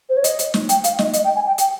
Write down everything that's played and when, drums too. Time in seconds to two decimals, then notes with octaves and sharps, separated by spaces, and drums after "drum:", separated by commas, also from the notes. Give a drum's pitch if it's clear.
0.09 C5
0.17 C#5
0.24 D#5, drum: hi-hat
0.39 drum: hi-hat
0.54 drum: snare
0.69 G5, drum: hi-hat
0.84 F5, drum: hi-hat
0.99 D#5, drum: snare
1.13 D#5, drum: hi-hat
1.24 G5
1.35 G#5
1.47 G5
1.58 G5, drum: hi-hat